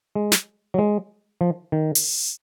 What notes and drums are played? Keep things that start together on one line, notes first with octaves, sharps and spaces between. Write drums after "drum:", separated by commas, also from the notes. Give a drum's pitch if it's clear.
G#3
drum: snare
F#3
G#3
F3
D#3
drum: open hi-hat